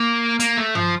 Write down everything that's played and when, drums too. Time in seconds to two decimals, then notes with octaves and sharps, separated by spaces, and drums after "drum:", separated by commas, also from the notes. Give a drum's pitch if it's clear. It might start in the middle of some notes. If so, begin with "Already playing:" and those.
Already playing: A#3
0.40 A#3, drum: hi-hat
0.57 A3
0.75 F3, drum: tom G2